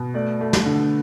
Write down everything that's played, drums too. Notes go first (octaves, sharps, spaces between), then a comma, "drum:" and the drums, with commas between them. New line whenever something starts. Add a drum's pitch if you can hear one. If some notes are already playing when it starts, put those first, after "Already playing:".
Already playing: B2
A3 D5
A3
drum: snare
D3